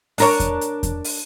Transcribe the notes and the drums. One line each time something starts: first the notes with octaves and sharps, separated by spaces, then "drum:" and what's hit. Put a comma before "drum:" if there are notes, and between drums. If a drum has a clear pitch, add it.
D4 A#4 C#5, drum: open hi-hat
drum: kick E2, hi-hat
drum: hi-hat
drum: kick E2, hi-hat
drum: open hi-hat